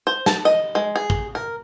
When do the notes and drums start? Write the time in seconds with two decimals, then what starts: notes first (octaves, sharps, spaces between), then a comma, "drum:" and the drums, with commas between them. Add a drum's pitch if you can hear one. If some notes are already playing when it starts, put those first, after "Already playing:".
0.07 C5
0.26 A5, drum: snare
0.45 D#5
0.75 G#3
0.96 G#4
1.10 drum: kick
1.35 A#4